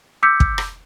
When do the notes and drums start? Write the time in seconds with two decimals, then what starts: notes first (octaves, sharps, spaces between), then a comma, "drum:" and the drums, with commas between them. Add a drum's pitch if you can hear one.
0.23 D6 E6 G6 B6 C#7
0.40 drum: kick
0.58 drum: rim click